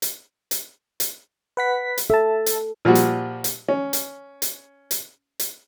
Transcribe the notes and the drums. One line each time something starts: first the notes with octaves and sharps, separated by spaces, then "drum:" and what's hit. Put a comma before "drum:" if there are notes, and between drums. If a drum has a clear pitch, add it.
drum: hi-hat
drum: hi-hat
drum: hi-hat
B4 F#5 B6
drum: hi-hat
A4 E5 A5
drum: hi-hat
A#2 F3 G3 F#4
drum: hi-hat
drum: hi-hat
C#4
drum: hi-hat
drum: hi-hat
drum: hi-hat
drum: hi-hat